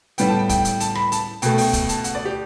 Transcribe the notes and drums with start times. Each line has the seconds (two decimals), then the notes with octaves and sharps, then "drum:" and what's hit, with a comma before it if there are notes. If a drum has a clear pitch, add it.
0.18 A2 G3 B3 G5, drum: hi-hat
0.28 A5
0.39 G5
0.49 G5, drum: kick, hi-hat
0.65 drum: hi-hat
0.80 A5, drum: hi-hat
0.95 B5, drum: rim click
1.12 A5, drum: hi-hat
1.42 B2 A3 G5, drum: hi-hat
1.58 G5, drum: open hi-hat
1.73 drum: kick, hi-hat
1.89 A5, drum: hi-hat
2.04 F#5, drum: hi-hat
2.15 D5
2.25 G4